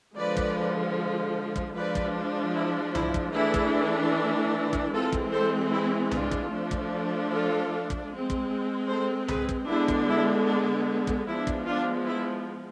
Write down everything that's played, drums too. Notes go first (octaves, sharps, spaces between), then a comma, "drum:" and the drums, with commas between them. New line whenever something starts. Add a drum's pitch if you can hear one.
D3 F3 G#3 B4 D5
drum: kick
drum: kick
F3 G#3 D4 B4 D5
drum: kick
E4
E4, drum: tom C2
drum: kick
E3 A3 D4 E4 G#4
drum: kick
drum: kick
E3 G#3 C4 F4 A4
drum: kick
A4 C5
E4 G#4
D4 F4, drum: tom C2
drum: kick
F3 A3 D4
drum: kick
F4 A4
drum: kick
G#3 C4
drum: kick
A4 C5
G#4 B4, drum: tom C2
drum: kick
D3 G#3 B3 D4 E4
drum: kick
E4
D4
drum: kick
F3 G#3 B3 D4 E4
drum: kick
D4 F4
E4